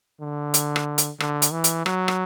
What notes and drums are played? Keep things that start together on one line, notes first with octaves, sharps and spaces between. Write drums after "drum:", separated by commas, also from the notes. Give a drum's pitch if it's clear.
D3
drum: hi-hat
drum: rim click
drum: hi-hat
D3, drum: rim click
drum: hi-hat
E3
drum: hi-hat
F#3, drum: rim click
drum: rim click